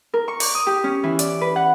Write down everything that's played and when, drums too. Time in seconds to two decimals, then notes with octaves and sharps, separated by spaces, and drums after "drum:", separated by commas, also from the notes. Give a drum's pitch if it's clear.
0.14 A#4
0.28 C#6
0.40 D6, drum: open hi-hat
0.55 D#6
0.67 G4
0.84 C#4
1.03 E3
1.19 D5, drum: hi-hat
1.41 B4
1.56 F#5